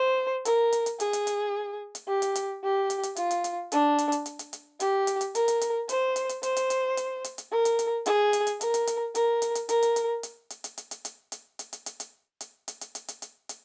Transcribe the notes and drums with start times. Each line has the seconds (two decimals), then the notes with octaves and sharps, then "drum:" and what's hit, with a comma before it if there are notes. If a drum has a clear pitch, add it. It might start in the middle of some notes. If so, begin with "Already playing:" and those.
Already playing: C5
0.45 A#4, drum: hi-hat
0.72 drum: hi-hat
0.86 drum: hi-hat
1.00 G#4, drum: hi-hat
1.13 drum: hi-hat
1.27 drum: hi-hat
1.95 drum: hi-hat
2.08 G4
2.22 drum: hi-hat
2.35 drum: hi-hat
2.63 G4
2.90 drum: hi-hat
3.03 drum: hi-hat
3.16 F4, drum: hi-hat
3.31 drum: hi-hat
3.44 drum: hi-hat
3.72 D4, drum: hi-hat
3.98 drum: hi-hat
4.12 drum: hi-hat
4.26 drum: hi-hat
4.39 drum: hi-hat
4.53 drum: hi-hat
4.80 G4, drum: hi-hat
5.07 drum: hi-hat
5.21 drum: hi-hat
5.35 A#4, drum: hi-hat
5.48 drum: hi-hat
5.61 drum: hi-hat
5.89 C5, drum: hi-hat
6.16 drum: hi-hat
6.29 drum: hi-hat
6.43 C5, drum: hi-hat
6.56 drum: hi-hat
6.70 drum: hi-hat
6.97 drum: hi-hat
7.24 drum: hi-hat
7.38 drum: hi-hat
7.52 A#4
7.65 drum: hi-hat
7.79 drum: hi-hat
8.06 G#4, drum: hi-hat
8.33 drum: hi-hat
8.47 drum: hi-hat
8.61 A#4, drum: hi-hat
8.74 drum: hi-hat
8.87 drum: hi-hat
9.15 A#4, drum: hi-hat
9.42 drum: hi-hat
9.55 drum: hi-hat
9.69 A#4, drum: hi-hat
9.82 drum: hi-hat
9.96 drum: hi-hat
10.23 drum: hi-hat
10.50 drum: hi-hat
10.64 drum: hi-hat
10.78 drum: hi-hat
10.91 drum: hi-hat
11.05 drum: hi-hat
11.32 drum: hi-hat
11.59 drum: hi-hat
11.73 drum: hi-hat
11.86 drum: hi-hat
12.00 drum: hi-hat
12.41 drum: hi-hat
12.68 drum: hi-hat
12.81 drum: hi-hat
12.95 drum: hi-hat
13.08 drum: hi-hat
13.22 drum: hi-hat
13.49 drum: hi-hat